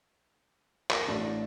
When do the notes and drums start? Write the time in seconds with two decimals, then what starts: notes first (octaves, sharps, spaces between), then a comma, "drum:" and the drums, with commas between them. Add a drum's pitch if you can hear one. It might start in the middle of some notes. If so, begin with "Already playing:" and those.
0.90 A#4 A#6, drum: clap
1.08 A1 A3 D4